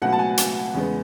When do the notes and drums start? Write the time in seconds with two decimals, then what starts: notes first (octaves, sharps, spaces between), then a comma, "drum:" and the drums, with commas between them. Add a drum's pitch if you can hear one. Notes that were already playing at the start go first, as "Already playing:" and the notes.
0.02 C#2 B2 F#3 A3 F#5
0.13 A5
0.19 G#5
0.37 G#5, drum: hi-hat
0.74 E2 C#3 G#3 B3